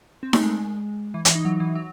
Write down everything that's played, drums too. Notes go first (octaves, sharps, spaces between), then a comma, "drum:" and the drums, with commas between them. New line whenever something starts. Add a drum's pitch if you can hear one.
C4
A3, drum: snare D#4
G#3
E3
E3, drum: hi-hat
D#4
F#3
E3
F#3